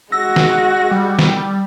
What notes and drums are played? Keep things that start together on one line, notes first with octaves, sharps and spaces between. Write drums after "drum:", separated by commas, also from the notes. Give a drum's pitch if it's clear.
G#3 F#4 E6 A#6
drum: snare
G3
drum: snare